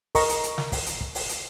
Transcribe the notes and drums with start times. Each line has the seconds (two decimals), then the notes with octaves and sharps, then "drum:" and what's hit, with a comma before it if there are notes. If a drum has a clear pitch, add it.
0.15 A#4 D#5 A#5 C#6, drum: kick, open hi-hat
0.29 drum: hi-hat
0.43 drum: hi-hat
0.58 drum: snare
0.72 drum: kick, open hi-hat
0.86 drum: hi-hat
1.01 drum: kick
1.15 drum: open hi-hat
1.29 drum: hi-hat